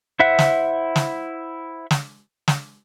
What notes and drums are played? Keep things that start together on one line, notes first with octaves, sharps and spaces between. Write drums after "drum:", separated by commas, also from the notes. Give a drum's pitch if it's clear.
E4 C5 E5 F#5 F#6
drum: snare
drum: snare
drum: snare
drum: snare